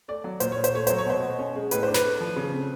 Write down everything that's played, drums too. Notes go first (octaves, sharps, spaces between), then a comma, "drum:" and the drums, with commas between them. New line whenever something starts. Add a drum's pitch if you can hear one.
A3 D5
F#3
A#2 C5, drum: hi-hat
C#5
A#2
C5, drum: hi-hat
A3 C#5
F#3 C5, drum: hi-hat
C#5
B2 C5
B2
C#4
G#3
A2 B4, drum: hi-hat
D4 C5
B4, drum: snare
A3
F3
C#3
C4